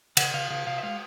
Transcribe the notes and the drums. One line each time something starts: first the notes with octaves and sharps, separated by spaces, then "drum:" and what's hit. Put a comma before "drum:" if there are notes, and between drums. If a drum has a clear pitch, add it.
C#3 F#5, drum: cymbal
C#3 F5
C#3 F5
C3 F5
E5
G#3 F5